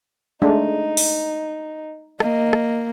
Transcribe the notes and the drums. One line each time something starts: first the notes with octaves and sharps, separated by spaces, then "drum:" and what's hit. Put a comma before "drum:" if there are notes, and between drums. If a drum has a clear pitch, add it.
G#3 A3 D4 D#4
drum: open hi-hat
A#3 D#5, drum: rim click
drum: rim click